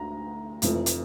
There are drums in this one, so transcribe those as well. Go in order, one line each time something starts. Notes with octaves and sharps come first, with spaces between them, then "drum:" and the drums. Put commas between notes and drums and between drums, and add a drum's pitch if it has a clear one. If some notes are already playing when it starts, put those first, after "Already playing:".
Already playing: D2 A#5
F1 F2 E3 A3, drum: hi-hat
drum: hi-hat